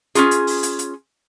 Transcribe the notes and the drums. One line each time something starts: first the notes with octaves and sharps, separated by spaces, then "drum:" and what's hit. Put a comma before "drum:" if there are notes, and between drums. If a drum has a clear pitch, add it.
C#4 E4 F4 G#4, drum: hi-hat
drum: hi-hat
drum: open hi-hat
drum: hi-hat
drum: hi-hat